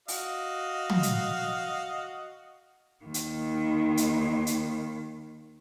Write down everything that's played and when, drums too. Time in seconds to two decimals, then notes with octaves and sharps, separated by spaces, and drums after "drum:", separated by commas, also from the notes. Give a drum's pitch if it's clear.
0.08 F#4 D#5 F5, drum: open hi-hat
0.90 drum: tom
1.03 drum: hi-hat
3.05 D#2 D#3
3.14 drum: hi-hat
3.97 drum: hi-hat
4.47 drum: hi-hat